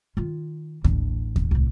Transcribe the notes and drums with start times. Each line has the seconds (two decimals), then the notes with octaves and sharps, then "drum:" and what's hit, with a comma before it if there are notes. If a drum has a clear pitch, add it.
0.17 D#3 F4
0.84 A1 D4, drum: kick D#2
1.36 drum: kick D#2
1.51 C2 A2